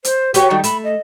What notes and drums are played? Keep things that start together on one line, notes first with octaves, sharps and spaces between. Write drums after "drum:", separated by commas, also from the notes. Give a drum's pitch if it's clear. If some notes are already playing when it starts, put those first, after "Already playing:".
C5, drum: hi-hat
F#4 G4 B4 C#5, drum: hi-hat
D#3 G3 A3
A3 B5, drum: hi-hat
D#5